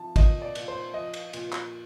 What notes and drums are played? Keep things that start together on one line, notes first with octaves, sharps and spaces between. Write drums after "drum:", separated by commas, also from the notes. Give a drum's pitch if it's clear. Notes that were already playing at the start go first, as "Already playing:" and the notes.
Already playing: F3 A5
A#2 D#5, drum: kick, cymbal
D5
A#2, drum: cymbal
C5
F3 D#5
drum: cymbal
A#2, drum: cymbal
drum: clap